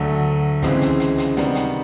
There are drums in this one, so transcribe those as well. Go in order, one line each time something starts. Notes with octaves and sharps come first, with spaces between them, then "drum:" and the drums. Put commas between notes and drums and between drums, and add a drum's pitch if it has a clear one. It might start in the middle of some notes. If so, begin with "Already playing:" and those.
Already playing: D2 D3 F#3 A3
C#2 C#3 E3 G#3 C4, drum: kick, hi-hat
drum: hi-hat
drum: hi-hat
drum: hi-hat
C3 D#3 G3 B3, drum: hi-hat
drum: hi-hat